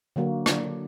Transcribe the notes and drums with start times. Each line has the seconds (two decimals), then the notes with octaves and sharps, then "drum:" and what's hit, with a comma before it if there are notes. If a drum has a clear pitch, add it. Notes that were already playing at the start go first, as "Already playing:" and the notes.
0.16 D3 F#3 A#3 F#4
0.46 D4, drum: rim click